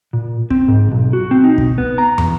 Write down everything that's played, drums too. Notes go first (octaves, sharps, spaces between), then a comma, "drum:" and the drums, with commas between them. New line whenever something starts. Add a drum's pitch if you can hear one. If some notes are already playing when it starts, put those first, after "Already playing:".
A#2
C4, drum: kick
G#2
B1
F#4
C4
D#4
B2, drum: kick
B3
A#5
E2, drum: tom